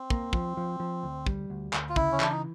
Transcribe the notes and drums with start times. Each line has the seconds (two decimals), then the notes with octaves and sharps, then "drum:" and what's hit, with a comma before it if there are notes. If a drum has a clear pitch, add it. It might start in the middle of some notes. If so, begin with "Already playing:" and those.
Already playing: C4
0.10 A#3, drum: kick
0.33 F3, drum: kick
0.57 F3
0.80 F3
1.03 D2
1.26 G3, drum: kick
1.50 D2
1.73 D2, drum: clap
1.89 F4
1.96 C#3 E4, drum: kick
2.12 C#4
2.20 E3 D4, drum: clap
2.32 D#4